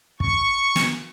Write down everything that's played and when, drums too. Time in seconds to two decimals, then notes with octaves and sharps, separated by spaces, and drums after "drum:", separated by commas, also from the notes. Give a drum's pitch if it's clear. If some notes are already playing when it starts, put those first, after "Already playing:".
0.20 C#6, drum: kick
0.76 drum: snare